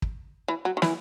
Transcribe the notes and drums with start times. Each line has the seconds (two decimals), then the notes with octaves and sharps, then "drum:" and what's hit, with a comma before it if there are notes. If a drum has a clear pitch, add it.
0.02 drum: kick
0.48 E3
0.65 F#3
0.77 D#3
0.82 E3, drum: snare